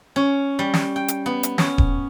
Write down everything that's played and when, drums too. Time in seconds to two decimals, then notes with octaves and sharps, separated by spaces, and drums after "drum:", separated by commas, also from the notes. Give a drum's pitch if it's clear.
0.16 C#4
0.59 G3
0.73 drum: snare
0.96 G5
1.08 drum: hi-hat
1.26 B3
1.43 drum: hi-hat
1.58 C#4, drum: snare
1.78 drum: kick D#1